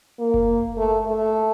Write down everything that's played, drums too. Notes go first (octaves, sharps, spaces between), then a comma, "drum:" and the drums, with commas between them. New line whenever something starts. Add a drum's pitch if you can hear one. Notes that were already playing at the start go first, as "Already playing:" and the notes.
A#3
drum: kick F#1
A3
A3